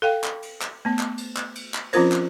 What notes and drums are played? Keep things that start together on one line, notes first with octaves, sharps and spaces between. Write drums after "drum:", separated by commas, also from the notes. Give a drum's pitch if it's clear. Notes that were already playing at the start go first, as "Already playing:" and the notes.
A4 F5 G5
drum: clap
drum: cymbal
drum: clap
A3 B3
drum: clap
drum: cymbal
drum: clap
drum: cymbal
drum: clap
F3 C4 C#4 F4 A#4 C5, drum: cymbal
drum: clap